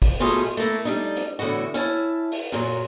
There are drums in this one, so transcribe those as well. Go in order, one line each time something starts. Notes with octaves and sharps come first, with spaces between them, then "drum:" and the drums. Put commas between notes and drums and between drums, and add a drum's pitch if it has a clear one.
drum: kick, open hi-hat
G#2 B2 A3 F4 G4 G#4
A3 A#3 E4
G3 D4 D#4
drum: hi-hat
A2 D3 E3 B3 F#4
C#4 E4 A5, drum: hi-hat
drum: open hi-hat
F#2 A#2 F#3